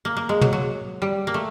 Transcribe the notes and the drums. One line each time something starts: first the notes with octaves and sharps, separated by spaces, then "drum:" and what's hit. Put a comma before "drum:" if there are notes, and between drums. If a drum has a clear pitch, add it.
A#3
A#3
G#3
F#3, drum: tom
F#3
G3
A#3
A3